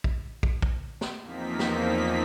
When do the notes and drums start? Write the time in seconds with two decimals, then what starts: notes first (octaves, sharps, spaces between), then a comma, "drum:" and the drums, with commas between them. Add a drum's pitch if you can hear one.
0.04 drum: kick
0.43 drum: kick
0.62 drum: kick
1.01 drum: snare
1.21 E2 F3 A#3 C4 D#4 B6
1.59 drum: snare